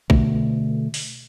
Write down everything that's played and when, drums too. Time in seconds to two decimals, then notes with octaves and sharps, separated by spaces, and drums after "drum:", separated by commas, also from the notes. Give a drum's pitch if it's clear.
0.10 B2 D3 A3, drum: kick
0.94 drum: open hi-hat